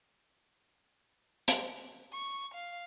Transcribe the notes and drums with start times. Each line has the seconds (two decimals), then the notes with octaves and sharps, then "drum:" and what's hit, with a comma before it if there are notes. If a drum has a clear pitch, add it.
1.48 drum: hi-hat
2.13 C#6
2.54 F5